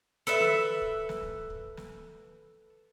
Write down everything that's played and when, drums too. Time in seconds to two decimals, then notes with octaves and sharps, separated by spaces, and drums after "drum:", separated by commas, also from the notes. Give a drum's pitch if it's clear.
0.27 A4 B4 E5
0.41 drum: tom
0.82 drum: kick
1.09 drum: snare
1.23 drum: kick
1.50 drum: kick
1.77 drum: snare